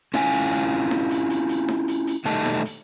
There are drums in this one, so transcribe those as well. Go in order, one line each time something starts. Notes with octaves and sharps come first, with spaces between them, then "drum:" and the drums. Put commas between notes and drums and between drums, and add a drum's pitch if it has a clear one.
C#4 E4 F4 G#5, drum: snare D#4
drum: hi-hat
drum: hi-hat
drum: snare D#4
drum: hi-hat
drum: hi-hat
drum: hi-hat
drum: snare D#4
drum: hi-hat
drum: hi-hat
B2 D#3 G3 A3 D#4 A5, drum: hi-hat
drum: snare D#4
drum: hi-hat